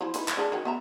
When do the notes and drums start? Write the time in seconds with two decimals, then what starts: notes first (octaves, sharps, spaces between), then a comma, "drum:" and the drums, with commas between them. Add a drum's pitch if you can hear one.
0.01 F3 E4
0.14 D#4 E4 B4, drum: hi-hat
0.28 drum: clap
0.37 D4 G#4 A4
0.52 D#3 F#3 C#4
0.65 B3 E5 A#5